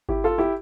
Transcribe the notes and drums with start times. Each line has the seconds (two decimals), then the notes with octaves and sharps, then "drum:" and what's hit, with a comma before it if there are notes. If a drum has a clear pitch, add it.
0.09 E4 G4, drum: kick G#1
0.24 F4 A4
0.38 E4 G4